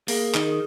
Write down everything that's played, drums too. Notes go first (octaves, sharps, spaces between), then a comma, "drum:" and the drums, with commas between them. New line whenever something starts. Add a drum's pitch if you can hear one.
A#3 G#4, drum: open hi-hat
D#3, drum: clap